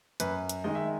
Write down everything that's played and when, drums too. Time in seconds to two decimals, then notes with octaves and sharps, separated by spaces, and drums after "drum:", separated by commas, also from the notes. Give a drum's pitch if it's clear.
0.20 F#2 B4, drum: hi-hat
0.49 drum: hi-hat
0.64 D#3 G#3 D#5
0.75 E5